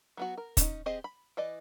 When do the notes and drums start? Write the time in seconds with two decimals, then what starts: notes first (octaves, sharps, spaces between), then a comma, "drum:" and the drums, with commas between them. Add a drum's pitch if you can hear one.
0.17 F#3 B3 F#4
0.38 A#4
0.57 C#4 D#4, drum: kick, hi-hat
0.86 C4 G4 G#4 C5 D#5
1.04 B5
1.37 E3 D5 D#5